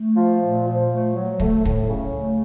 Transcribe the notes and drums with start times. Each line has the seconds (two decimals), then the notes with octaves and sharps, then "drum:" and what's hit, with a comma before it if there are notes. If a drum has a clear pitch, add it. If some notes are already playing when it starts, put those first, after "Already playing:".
Already playing: A3
0.17 F3
0.41 A#2
0.66 F3
0.90 A3
1.16 F#3
1.39 A3, drum: kick
1.65 A2, drum: kick
1.90 C#3
2.14 A3